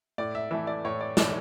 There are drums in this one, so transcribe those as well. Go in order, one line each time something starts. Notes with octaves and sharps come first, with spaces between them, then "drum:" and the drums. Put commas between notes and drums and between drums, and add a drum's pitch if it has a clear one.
A2 D5
E5
E3 A3 E5
D5
A2 C#5
D5
E3 A3 D5, drum: snare